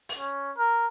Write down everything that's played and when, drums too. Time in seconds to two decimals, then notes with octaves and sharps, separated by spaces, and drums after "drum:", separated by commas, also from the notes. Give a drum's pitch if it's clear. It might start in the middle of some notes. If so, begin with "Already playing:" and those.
0.09 drum: open hi-hat
0.18 C#4
0.57 A#4